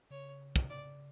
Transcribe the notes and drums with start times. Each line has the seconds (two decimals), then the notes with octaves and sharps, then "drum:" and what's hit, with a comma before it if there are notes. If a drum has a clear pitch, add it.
0.11 C#3 C#5
0.56 drum: kick
0.70 D5